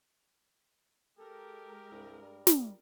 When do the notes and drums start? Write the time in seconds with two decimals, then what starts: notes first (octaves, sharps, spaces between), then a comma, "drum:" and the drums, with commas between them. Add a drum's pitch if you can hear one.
1.19 G#3 G4 A4 A#4
1.92 C2 G2
2.22 G3
2.47 drum: snare